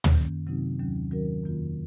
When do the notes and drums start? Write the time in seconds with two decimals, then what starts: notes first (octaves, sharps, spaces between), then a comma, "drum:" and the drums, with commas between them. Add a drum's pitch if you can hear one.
0.04 drum: tom
0.14 F#2 D#3 A#3 C#4
0.47 C3 F#3 C4 D#4 F#4
0.79 D#2 D#3 F#3 C#4
1.11 D#3 F#3 C#4 F#4 A#4
1.44 F2 D#3 A#3 F4